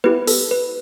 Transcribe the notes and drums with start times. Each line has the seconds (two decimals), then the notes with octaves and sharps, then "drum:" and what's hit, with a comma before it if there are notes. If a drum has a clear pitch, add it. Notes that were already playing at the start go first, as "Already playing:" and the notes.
0.04 B3 E4 G4 B4
0.27 A4, drum: open hi-hat
0.51 B4